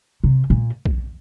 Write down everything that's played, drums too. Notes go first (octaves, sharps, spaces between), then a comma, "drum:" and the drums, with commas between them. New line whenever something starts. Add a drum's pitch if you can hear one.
C3
A#2
drum: kick